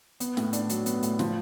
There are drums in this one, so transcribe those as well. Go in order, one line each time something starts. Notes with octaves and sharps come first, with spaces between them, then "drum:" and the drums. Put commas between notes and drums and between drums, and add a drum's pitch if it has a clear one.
B3, drum: hi-hat
A2, drum: snare
D4, drum: hi-hat
F#3, drum: hi-hat
B3, drum: hi-hat
A2, drum: hi-hat
F3, drum: snare